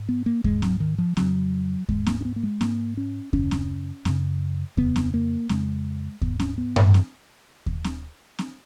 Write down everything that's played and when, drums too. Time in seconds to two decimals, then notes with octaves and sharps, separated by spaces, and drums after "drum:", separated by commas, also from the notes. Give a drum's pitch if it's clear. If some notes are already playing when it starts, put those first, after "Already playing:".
Already playing: G#2
0.09 B3
0.26 A#3
0.44 G#2 G#3, drum: kick D#2
0.62 F#3, drum: snare C4
0.80 D#3
0.98 F3
1.17 F2 C#3 F#3, drum: snare C4
1.89 G#2 G#3, drum: kick D#2
2.06 A#3, drum: snare C4
2.21 C#4
2.25 B3
2.36 A#3
2.43 G#3
2.61 G#2 A#3, drum: snare C4
2.97 C#4
3.33 F#2 C#3 C#4, drum: kick D#2
3.51 drum: snare C4
4.05 F#2 C#3, drum: snare C4
4.77 F2 C#3 B3, drum: kick D#2
4.96 drum: snare C4
5.14 A#3
5.49 F2 C#3 G#3, drum: snare C4
6.22 G#2 B3, drum: kick D#2
6.40 C#4, drum: snare C4
6.58 B3
6.76 drum: tom G2
6.94 drum: snare C4
7.66 drum: kick D#2
7.84 drum: snare C4
8.39 drum: snare C4